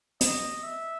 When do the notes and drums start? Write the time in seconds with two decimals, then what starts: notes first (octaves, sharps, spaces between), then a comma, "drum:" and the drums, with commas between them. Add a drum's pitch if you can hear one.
0.21 D#5, drum: hi-hat
0.63 E5